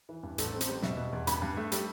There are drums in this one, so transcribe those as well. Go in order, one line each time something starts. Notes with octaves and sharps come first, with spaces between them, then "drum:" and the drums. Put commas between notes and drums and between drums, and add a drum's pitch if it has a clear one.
E3
G2
A1 A4, drum: hi-hat
C4
C5, drum: hi-hat
G3
B2 E5, drum: snare
B2
E2
G2 B5, drum: hi-hat
G2
A3
G3, drum: hi-hat